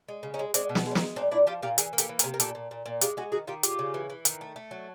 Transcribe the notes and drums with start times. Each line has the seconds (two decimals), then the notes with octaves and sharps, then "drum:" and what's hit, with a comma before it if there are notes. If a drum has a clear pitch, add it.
0.08 G#3
0.23 C#3
0.34 C#4 D#4
0.39 G#3
0.54 G#3 C4 D4, drum: hi-hat
0.69 B2
0.75 B3, drum: snare
0.86 G#3
0.91 C#4
0.95 A#3 C4, drum: snare
1.01 G#3
1.16 A#2 C4 D4
1.31 A#2 D4 E4
1.47 F3 F4 G4
1.62 A#2 F4 G4
1.78 E3 G#4 A#4, drum: hi-hat
1.93 A#3
1.98 G4 A4, drum: hi-hat
2.09 E3
2.19 G#4 A#4, drum: hi-hat
2.24 C3
2.34 A#4
2.40 A#2 G4 A4, drum: hi-hat
2.55 A#2
2.71 A#2
2.86 A#2
3.01 G#3 F4 G4, drum: hi-hat
3.17 G#3 F#4 G#4
3.32 D#3 F#4 G#4
3.47 D#3 F4 G4
3.63 C#3 F4 G4, drum: hi-hat
3.79 C#3
3.94 E3
4.10 E3
4.25 D#3, drum: hi-hat
4.41 A3
4.56 A3
4.71 F#3